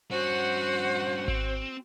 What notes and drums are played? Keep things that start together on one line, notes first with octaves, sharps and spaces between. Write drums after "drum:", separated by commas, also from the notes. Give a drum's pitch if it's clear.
G2 C#4 F#4 C5 F#5
C4, drum: kick G#1